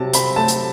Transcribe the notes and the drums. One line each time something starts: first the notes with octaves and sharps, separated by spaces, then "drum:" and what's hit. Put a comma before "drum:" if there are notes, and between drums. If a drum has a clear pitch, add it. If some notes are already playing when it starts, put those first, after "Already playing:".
Already playing: C3 F#3 A5
C4 B5, drum: hi-hat
A3 A5
drum: hi-hat